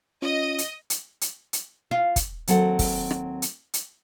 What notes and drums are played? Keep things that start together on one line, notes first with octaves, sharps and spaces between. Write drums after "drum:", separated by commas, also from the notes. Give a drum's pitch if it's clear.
C#4 F4 D#5
drum: hi-hat
drum: hi-hat
drum: hi-hat
drum: hi-hat
F4
drum: kick, hi-hat
D#2 F#3 C4 A4 F#5, drum: hi-hat
drum: kick, open hi-hat
drum: rim click
drum: hi-hat
drum: hi-hat